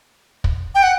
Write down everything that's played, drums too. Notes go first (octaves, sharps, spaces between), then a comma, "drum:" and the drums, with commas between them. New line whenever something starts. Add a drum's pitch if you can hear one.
drum: kick
G5
F#5